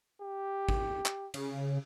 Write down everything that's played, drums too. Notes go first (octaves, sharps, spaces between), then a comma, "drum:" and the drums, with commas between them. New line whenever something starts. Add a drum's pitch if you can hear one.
G4
drum: kick
drum: clap
C#3, drum: cymbal